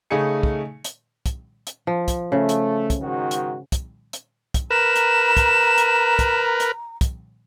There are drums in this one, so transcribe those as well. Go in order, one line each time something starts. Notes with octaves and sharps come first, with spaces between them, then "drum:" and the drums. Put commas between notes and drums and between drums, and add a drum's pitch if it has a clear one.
C#3 A3 D#4 G#4 G#5 C#7
drum: kick
drum: hi-hat
drum: kick, hi-hat
drum: hi-hat
F3
drum: kick, hi-hat
C#3 A3
drum: hi-hat
drum: kick, hi-hat
G#2 D#3 F#4
drum: hi-hat
drum: kick, hi-hat
drum: hi-hat
drum: kick, hi-hat
A#4 B4 A#5 E7
drum: hi-hat
drum: kick, hi-hat
drum: hi-hat
drum: kick, hi-hat
drum: hi-hat
drum: kick, hi-hat